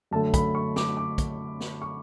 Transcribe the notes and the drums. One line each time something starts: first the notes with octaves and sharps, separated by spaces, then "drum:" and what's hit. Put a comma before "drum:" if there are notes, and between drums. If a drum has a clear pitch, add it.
F#2 D3 A3 A5
B5, drum: kick, hi-hat
C#6
D6, drum: snare
D6
drum: kick, hi-hat
drum: snare
C#6